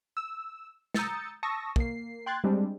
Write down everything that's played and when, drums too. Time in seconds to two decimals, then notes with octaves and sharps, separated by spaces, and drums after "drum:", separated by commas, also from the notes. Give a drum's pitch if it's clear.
0.17 E6
0.94 A#5 D#6 E6 G6 A6 C#7, drum: snare
1.43 A5 C#6 D#6 E6 A#6
1.76 A#3 C7, drum: kick
2.26 G5 C6 F#6 G#6 A6
2.44 G3 G#3 C4 D4